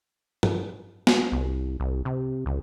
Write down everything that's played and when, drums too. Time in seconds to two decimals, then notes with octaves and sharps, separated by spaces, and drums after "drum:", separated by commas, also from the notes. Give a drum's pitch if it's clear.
0.43 drum: tom G2
1.07 drum: snare
1.32 C2
1.80 C2
2.05 C3
2.46 C#2